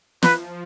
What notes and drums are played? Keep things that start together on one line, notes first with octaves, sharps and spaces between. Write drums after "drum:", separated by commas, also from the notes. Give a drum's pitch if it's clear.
F3 B4, drum: snare